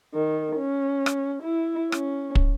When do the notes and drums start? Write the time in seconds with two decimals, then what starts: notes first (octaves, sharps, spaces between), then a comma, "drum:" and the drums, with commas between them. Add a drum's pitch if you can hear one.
0.15 D#3
0.57 C#4
1.06 drum: rim click
1.42 E4
1.92 C#4, drum: rim click
2.35 drum: kick